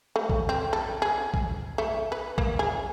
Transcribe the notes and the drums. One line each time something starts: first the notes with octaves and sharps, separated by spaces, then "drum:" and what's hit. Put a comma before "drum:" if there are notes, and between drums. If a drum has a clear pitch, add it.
A3
drum: kick A#1
C4
A4
G#4
drum: kick A#1
A3
B4
A#3, drum: kick A#1
G#4